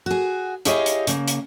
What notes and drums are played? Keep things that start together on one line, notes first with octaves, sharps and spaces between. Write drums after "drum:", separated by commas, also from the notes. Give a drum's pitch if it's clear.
F#4 G#4
E4 G4 G#4 C#5 D#5 F5, drum: hi-hat
drum: hi-hat
C#3 A#3, drum: hi-hat
drum: hi-hat